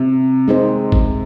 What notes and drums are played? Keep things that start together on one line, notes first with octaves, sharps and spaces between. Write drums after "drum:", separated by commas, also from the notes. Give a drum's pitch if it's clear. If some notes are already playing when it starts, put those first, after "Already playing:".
Already playing: C3
G#3 C4 D#4 G#4 C5
drum: kick